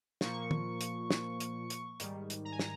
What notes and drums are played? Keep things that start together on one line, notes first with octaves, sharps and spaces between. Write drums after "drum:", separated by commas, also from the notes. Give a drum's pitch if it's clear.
A#2 F3 A#3 C#6, drum: snare
drum: tom
drum: hi-hat
drum: snare
drum: hi-hat
drum: hi-hat
G#2 D#3 G3, drum: hi-hat
drum: hi-hat
A#5
G#5
A#5, drum: snare